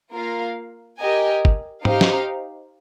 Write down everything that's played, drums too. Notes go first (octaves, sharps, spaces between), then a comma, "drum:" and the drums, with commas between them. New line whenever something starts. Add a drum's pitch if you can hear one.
A#3 F4 A#4 F5
G4 A#4 D#5 G#5
drum: kick
D#4 G4 C5 F5, drum: tom G#2
drum: snare